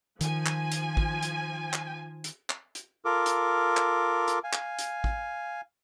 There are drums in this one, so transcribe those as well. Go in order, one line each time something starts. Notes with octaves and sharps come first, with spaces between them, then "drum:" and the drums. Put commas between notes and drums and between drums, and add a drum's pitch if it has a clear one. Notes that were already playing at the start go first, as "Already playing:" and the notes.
D#3 F3 G#5, drum: hi-hat
drum: clap
drum: hi-hat
drum: kick
drum: hi-hat
drum: clap
drum: hi-hat
drum: clap
drum: hi-hat
F4 A4 A#4 D6
drum: hi-hat
drum: clap
drum: hi-hat
F5 G#5
drum: clap
drum: hi-hat
drum: kick